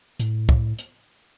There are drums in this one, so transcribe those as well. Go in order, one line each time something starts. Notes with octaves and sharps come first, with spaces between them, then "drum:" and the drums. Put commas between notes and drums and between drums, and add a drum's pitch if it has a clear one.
A2, drum: hi-hat
drum: kick
drum: hi-hat